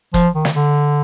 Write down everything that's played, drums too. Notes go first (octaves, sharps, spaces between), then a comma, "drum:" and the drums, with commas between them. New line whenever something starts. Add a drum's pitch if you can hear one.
F3, drum: kick, hi-hat
D#3
drum: snare
D3